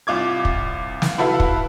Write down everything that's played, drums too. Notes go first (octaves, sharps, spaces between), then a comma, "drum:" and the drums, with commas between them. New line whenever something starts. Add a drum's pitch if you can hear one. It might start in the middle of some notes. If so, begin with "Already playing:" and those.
C2 F4 D6 G#6
drum: kick
drum: snare
E4 F#4 A4 B4 E5 F5
drum: kick